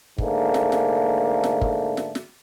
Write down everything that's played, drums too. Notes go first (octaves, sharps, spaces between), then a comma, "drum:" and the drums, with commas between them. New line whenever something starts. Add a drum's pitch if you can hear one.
G#2 D3 A3 A#3, drum: kick
drum: snare
drum: snare
drum: snare
drum: kick
drum: snare
drum: snare